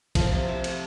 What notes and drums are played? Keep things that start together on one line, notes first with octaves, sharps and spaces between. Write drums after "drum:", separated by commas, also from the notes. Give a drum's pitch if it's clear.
F3 A#4, drum: kick A1, cymbal
C3
C3
A3, drum: cymbal